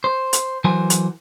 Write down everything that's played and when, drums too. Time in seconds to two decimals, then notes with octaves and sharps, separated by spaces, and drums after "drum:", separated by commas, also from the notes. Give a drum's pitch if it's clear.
0.04 C5
0.33 drum: hi-hat
0.64 E3 F#3 A#4 C5 G#5
0.90 drum: hi-hat